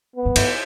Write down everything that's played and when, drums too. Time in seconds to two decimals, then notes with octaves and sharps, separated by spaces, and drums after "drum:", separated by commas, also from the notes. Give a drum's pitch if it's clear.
0.16 B3
0.26 G2
0.36 G2, drum: cymbal